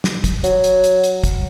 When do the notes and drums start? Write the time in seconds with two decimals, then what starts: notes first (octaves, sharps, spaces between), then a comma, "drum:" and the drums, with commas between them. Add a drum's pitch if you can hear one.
0.04 drum: snare
0.24 drum: kick, hi-hat
0.44 F#3, drum: hi-hat
0.64 drum: hi-hat
0.84 drum: hi-hat
1.04 drum: hi-hat
1.24 drum: kick, hi-hat